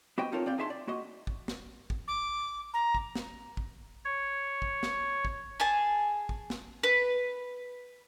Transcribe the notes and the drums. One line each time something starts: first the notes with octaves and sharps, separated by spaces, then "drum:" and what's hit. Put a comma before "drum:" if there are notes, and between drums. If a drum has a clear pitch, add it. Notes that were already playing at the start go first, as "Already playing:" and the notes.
B3 F#4 G4 C5 D#5 G5
C4 D#4 F4 A4 A#4 C#5
C4 G4 D5 F5 G5
D4 D#4 G#4 E5 A5 C6
D5
A#3 F#4 D#5
drum: kick
drum: snare
drum: kick
D6
A#5
drum: kick
drum: snare
drum: kick
C#5
drum: kick
drum: snare
drum: kick
G#4 G#5 A5
drum: kick
drum: snare
B4